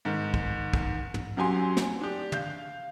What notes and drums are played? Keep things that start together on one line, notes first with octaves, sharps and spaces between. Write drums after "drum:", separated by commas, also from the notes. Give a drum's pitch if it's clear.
G#2 D#3
drum: kick
drum: kick
drum: tom
F#2 F#3 G4 G#5 C6
drum: snare
D4 G4
F5 G6, drum: tom